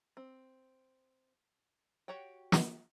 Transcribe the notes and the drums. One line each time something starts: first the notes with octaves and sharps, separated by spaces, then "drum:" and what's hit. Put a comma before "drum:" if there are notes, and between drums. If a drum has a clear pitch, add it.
C4
F#4 G4 C#5 F#5 G5
drum: snare